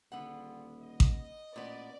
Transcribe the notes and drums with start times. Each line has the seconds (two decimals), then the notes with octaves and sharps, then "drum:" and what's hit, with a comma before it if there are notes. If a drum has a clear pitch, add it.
0.12 D#1 D3 G3 B3 F4 G#4 F#5
0.82 D#5
1.00 drum: kick A1
1.56 A1 A#2 B3 D5